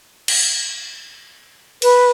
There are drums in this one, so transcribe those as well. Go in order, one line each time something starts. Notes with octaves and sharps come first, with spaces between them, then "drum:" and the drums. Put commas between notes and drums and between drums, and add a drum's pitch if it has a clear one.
drum: cymbal
B4, drum: cymbal